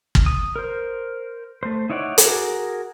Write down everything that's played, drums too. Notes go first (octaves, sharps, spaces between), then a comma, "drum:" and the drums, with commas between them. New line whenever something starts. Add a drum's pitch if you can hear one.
drum: kick
D#6
A#4 C5
A3 C5
D#4 E4 C#5 D5 F#5
F#4 G#4 A#4, drum: hi-hat